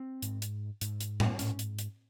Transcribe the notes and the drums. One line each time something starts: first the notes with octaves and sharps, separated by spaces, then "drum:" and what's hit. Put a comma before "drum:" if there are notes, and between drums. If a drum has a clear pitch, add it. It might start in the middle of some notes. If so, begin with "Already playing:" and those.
Already playing: C4
G#2, drum: hi-hat
drum: hi-hat
G#2, drum: hi-hat
drum: hi-hat
drum: tom A2
G#2 C#4, drum: hi-hat
drum: hi-hat
drum: hi-hat